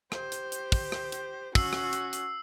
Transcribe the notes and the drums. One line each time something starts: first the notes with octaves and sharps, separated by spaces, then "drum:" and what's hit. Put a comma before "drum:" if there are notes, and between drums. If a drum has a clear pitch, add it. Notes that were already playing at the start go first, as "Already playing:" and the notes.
G4 C5, drum: rim click
drum: hi-hat
drum: hi-hat
drum: kick, open hi-hat
drum: rim click
drum: hi-hat
C#4 F#4 E6 C7, drum: kick, open hi-hat
drum: rim click
drum: hi-hat
drum: hi-hat